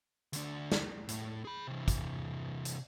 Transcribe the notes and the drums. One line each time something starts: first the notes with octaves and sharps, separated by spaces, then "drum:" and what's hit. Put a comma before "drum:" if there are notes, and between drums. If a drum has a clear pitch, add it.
D2 D4, drum: hi-hat
drum: snare
A2, drum: hi-hat
G#4 B5
C3 E3
drum: kick, hi-hat
drum: hi-hat